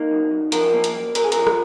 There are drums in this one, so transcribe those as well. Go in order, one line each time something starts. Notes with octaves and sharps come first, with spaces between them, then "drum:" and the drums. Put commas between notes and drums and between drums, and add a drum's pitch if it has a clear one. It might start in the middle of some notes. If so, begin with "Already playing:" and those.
Already playing: A#3 D#4
F#2
F#2
F3 A#4, drum: hi-hat
A#3
drum: hi-hat
F#2
F#2 A#4, drum: hi-hat
G#4
F3 A#4, drum: hi-hat
drum: rim click